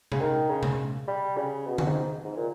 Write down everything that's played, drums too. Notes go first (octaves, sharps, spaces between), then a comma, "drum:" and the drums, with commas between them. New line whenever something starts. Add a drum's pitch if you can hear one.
C#3, drum: tom C3
D#3
C#3
drum: tom C3
G3
C#3
B2
G2, drum: tom D3
G#2
G#2
A#2